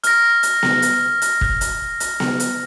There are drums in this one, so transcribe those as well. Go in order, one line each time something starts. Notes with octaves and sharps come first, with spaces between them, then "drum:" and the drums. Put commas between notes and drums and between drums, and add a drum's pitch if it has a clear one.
F6 A#6, drum: hi-hat
drum: hi-hat
drum: snare B3
drum: hi-hat
drum: hi-hat
drum: kick
drum: hi-hat
drum: hi-hat
drum: snare B3
drum: hi-hat